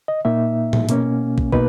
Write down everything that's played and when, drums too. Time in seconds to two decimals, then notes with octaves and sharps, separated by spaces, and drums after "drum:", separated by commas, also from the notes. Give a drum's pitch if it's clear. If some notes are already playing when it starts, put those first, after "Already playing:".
0.08 D#5
0.25 A#2 A#3 D#4 E5
0.73 drum: tom A2
0.89 B2 A#3 C#4, drum: hi-hat
1.38 drum: kick
1.52 B2 A#3 D#4 B4, drum: kick